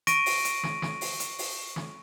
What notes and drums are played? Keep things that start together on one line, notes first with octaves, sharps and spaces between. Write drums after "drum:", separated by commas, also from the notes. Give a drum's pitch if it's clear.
C#6 A#6 D7 D#7, drum: hi-hat
drum: open hi-hat
drum: hi-hat
drum: snare
drum: snare
drum: open hi-hat
drum: hi-hat
drum: open hi-hat
drum: snare